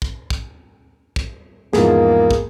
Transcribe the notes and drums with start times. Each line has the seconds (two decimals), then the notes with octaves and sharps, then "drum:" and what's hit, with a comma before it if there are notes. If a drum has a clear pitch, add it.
0.02 drum: kick
0.30 drum: kick
1.16 drum: kick
1.73 E2 G#2 F3 A#3 G#4, drum: snare
2.31 drum: kick